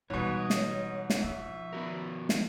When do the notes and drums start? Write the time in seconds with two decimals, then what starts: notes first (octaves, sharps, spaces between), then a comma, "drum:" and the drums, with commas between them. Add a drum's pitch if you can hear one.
0.10 G#2 B2 E3 G3 B4 C#5
0.39 D#5
0.50 drum: snare
1.10 drum: snare
1.24 F3 E5
1.73 B3 F#4 A#4
2.29 drum: snare